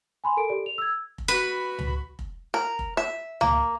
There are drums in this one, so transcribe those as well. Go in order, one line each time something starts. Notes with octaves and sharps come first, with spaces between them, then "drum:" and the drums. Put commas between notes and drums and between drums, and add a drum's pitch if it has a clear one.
G#5 B5 C6
A4 A#4 D7
G4 A4 D5
F7
E6 G#6
drum: kick F1
F#4 B4 B5
drum: tom C#2
drum: kick F1
A#4
drum: kick F1
E5
A#3, drum: tom C#2